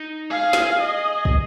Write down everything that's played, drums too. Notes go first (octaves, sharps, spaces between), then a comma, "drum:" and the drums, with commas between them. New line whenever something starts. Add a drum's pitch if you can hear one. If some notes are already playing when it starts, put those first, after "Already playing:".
Already playing: D#4
G#4 F5
drum: snare
D#5
drum: kick